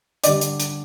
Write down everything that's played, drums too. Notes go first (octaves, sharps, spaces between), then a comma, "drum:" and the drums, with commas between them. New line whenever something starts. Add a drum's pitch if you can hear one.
D3 G3 D5, drum: hi-hat
drum: hi-hat
drum: hi-hat